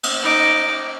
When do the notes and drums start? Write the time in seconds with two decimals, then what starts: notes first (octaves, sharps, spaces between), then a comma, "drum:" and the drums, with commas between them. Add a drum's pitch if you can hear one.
0.03 drum: cymbal
0.23 D#4 D6